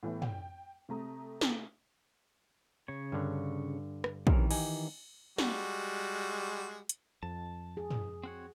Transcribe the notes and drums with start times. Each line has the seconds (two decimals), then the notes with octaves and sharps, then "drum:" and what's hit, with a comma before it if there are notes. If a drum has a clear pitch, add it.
0.03 A2 E3 B3 E4
0.22 G5, drum: tom
0.89 C3 A3 A#5 D#6
1.41 drum: snare
2.88 C#3 C#5
3.12 G2 D3
4.04 drum: rim click
4.27 C3 D#3 E3 C#4 A#4, drum: kick
4.51 D#4 G4 G#5, drum: cymbal
5.38 G3 G#3 F#4, drum: snare
6.89 drum: hi-hat
7.23 F2 A5
7.77 G#4
7.90 drum: tom
8.23 C4 F#4 C#5